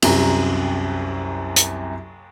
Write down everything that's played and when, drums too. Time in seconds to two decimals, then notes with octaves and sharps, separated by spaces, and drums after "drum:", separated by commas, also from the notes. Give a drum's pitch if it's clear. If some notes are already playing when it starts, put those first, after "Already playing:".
0.02 C2 F#2 A#5, drum: cymbal
1.56 drum: hi-hat